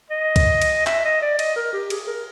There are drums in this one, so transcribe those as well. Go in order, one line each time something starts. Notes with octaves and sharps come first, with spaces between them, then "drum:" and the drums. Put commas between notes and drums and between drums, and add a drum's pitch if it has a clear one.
D#5
drum: kick C2, cymbal
drum: cymbal
E5, drum: clap
D#5
D5
D#5, drum: cymbal
A#4
G4
G#4, drum: cymbal
A#4